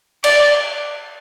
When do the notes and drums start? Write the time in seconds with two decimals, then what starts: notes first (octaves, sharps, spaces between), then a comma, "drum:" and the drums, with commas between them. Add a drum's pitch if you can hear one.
0.24 D5, drum: cymbal